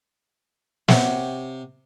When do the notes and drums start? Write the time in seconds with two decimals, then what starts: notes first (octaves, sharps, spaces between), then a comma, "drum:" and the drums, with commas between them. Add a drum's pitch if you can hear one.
0.88 C3 G4 C#5 F#5, drum: snare